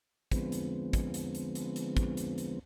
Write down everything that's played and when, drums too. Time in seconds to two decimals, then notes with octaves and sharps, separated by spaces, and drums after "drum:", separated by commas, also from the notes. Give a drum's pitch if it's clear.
0.32 D3 F3 G#3 B3 C4, drum: kick, hi-hat
0.52 drum: hi-hat
0.93 drum: kick, hi-hat
1.14 drum: hi-hat
1.35 drum: hi-hat
1.55 drum: hi-hat
1.76 drum: hi-hat
1.97 drum: kick, hi-hat
2.17 drum: hi-hat
2.38 drum: hi-hat